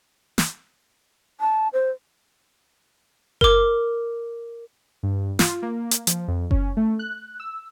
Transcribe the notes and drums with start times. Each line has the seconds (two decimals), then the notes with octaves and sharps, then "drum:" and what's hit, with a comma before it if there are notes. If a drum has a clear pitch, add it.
0.38 drum: snare
1.40 A5
1.73 C5
3.41 A#4 D6, drum: kick F#1
5.03 G2
5.39 F4, drum: snare
5.62 A#3
5.91 drum: hi-hat
6.07 F3, drum: hi-hat
6.28 F2
6.51 C#4, drum: kick F#1
6.77 A3
6.99 F#6
7.40 E6